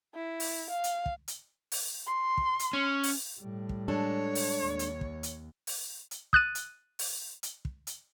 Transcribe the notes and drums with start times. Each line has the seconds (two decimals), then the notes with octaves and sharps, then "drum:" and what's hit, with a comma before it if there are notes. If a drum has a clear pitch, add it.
0.14 E4
0.40 drum: open hi-hat
0.70 F5
0.84 drum: hi-hat
1.06 drum: kick
1.28 drum: hi-hat
1.72 drum: open hi-hat
2.07 C6
2.37 drum: kick
2.59 drum: hi-hat
2.73 C#4
3.03 drum: open hi-hat
3.40 A2 G3
3.69 drum: kick
3.88 G#3 D4 A4 C#5
4.35 drum: open hi-hat
4.62 D#2
4.79 drum: hi-hat
5.01 drum: kick
5.23 drum: hi-hat
5.67 drum: open hi-hat
6.11 drum: hi-hat
6.33 D#6 F#6 A6 D#7, drum: kick
6.55 drum: hi-hat
6.99 drum: open hi-hat
7.43 drum: hi-hat
7.65 drum: kick
7.87 drum: hi-hat